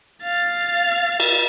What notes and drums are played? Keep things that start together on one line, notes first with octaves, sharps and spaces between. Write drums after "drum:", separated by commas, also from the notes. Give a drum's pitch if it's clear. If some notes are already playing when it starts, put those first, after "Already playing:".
F5 A6
drum: cymbal